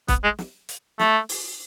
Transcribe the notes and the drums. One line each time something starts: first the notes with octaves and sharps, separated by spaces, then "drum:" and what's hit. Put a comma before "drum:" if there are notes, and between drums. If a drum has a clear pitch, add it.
B3, drum: kick, hi-hat
G#3
drum: snare
drum: hi-hat
A3, drum: snare
drum: open hi-hat